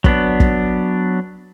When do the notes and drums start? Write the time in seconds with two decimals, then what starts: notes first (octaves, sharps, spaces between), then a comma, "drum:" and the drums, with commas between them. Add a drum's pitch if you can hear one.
0.04 F#3 B3 D4, drum: kick
0.40 drum: kick